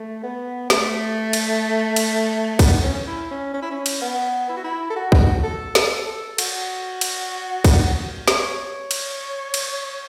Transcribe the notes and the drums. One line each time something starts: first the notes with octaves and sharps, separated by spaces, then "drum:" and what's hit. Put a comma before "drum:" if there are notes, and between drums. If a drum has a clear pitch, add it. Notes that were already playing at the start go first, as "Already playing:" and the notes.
Already playing: A3
B3
A3, drum: snare
drum: cymbal
drum: cymbal
B3, drum: kick, cymbal
C#4
E4
C#4
C#4
E4
C#4
drum: cymbal
B3
E4
F#4
E4
A4
F#4
drum: kick
A4
A4, drum: snare
A4
F#4, drum: cymbal
drum: cymbal
drum: kick, cymbal
C#5, drum: snare
drum: cymbal
drum: cymbal